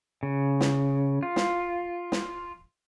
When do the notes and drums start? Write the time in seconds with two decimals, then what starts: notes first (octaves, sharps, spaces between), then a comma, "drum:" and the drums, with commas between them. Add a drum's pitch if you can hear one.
0.23 C#3
0.61 drum: snare
1.23 F4
1.36 drum: snare
2.12 drum: snare